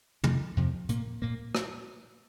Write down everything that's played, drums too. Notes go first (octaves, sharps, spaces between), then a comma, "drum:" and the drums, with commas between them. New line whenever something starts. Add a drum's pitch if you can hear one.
F2 C3 F3, drum: tom
F2 C3 F3
A#2 A#3, drum: hi-hat
A#2 A#3
drum: rim click